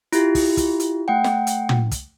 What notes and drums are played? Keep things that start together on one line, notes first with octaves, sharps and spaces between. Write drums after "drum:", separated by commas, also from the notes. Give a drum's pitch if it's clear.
E4 F4 G4, drum: hi-hat
drum: kick, open hi-hat
drum: kick, hi-hat
drum: hi-hat
A3 F#5 G5
drum: snare
drum: hi-hat
drum: tom
drum: kick, hi-hat